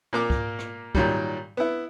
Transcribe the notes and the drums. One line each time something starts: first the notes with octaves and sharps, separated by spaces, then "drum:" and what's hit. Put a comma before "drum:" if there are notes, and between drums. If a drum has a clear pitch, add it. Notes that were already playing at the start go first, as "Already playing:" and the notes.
A#2 A#3 D6
drum: kick
drum: rim click
A#2 D#3 F#3 G3, drum: kick
B3 E4